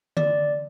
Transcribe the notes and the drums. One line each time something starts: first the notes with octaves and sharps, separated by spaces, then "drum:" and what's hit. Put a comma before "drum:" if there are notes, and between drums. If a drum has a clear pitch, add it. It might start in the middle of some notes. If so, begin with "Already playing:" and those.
D5, drum: tom D3